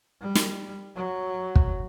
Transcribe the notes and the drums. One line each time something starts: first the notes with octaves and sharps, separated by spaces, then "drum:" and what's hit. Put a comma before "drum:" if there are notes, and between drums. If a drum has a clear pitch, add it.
G3
drum: snare
F#3
drum: kick